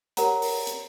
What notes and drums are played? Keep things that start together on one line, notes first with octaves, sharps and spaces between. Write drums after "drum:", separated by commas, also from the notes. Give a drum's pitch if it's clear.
G4 A#4 C#5 F#5 A#5, drum: hi-hat
drum: open hi-hat
drum: hi-hat